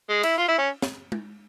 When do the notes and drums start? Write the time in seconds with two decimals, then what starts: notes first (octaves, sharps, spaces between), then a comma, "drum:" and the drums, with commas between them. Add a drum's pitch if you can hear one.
0.09 G#3
0.23 E4, drum: cymbal
0.38 F4
0.49 E4
0.58 C#4
0.82 drum: snare
1.12 drum: tom G#3